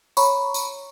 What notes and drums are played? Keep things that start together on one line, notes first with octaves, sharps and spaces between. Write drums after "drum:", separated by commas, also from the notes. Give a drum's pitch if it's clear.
C#5 A#5 B5 C#6, drum: tambourine
drum: tambourine